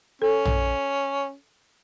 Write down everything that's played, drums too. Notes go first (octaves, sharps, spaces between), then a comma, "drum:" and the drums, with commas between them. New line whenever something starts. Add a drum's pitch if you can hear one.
C#4 A4
drum: tom A#1